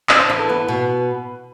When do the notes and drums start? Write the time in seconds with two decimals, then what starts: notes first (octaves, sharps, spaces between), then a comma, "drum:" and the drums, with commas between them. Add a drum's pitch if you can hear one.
0.09 D4 D5, drum: clap
0.19 C5
0.29 E3 B4
0.39 A4
0.49 B3 B4
0.68 B2